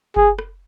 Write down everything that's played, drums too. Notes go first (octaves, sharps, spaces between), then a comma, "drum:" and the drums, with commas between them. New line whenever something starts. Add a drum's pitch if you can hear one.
G#4, drum: kick F#1
drum: rim click